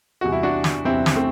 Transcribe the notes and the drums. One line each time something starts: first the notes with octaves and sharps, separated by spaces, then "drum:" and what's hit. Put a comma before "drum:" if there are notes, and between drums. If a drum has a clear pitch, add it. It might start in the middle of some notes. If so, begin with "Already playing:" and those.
E2 C3 G3 F#4
E4
D4 F#4
drum: snare
E2 C3 G3 C4 E4
drum: snare
A3 C4